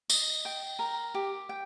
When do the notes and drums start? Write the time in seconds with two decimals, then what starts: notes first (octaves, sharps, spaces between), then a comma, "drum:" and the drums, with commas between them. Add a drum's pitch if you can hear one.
0.10 D#5, drum: tambourine
0.45 G5
0.79 A#4
1.14 G4
1.49 G5